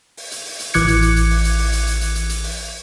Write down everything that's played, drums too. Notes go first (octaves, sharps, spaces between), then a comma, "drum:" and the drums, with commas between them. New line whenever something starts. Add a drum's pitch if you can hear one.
drum: open hi-hat
drum: hi-hat
drum: open hi-hat
drum: hi-hat
A1 E3 D6 F#6 G#6 C#7, drum: hi-hat
drum: hi-hat
drum: hi-hat
drum: hi-hat
drum: open hi-hat
drum: hi-hat
drum: open hi-hat
drum: hi-hat
drum: hi-hat
drum: hi-hat
drum: hi-hat
drum: hi-hat
drum: open hi-hat